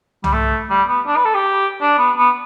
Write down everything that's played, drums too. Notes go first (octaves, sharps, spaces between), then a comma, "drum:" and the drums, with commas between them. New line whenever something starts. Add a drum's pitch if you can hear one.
G3, drum: tom C2
A3
G3
B3
D4
B4
A4
G4
D4
B3
B3